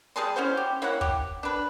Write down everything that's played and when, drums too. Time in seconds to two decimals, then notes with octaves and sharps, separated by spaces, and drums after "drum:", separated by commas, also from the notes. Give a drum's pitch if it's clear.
0.16 G3 G#4 A5 C6
0.36 C#4 E4 F#4 C5
0.57 G4
0.82 A#3 E4 C#5 F#5
1.01 G4, drum: kick
1.43 D4 B4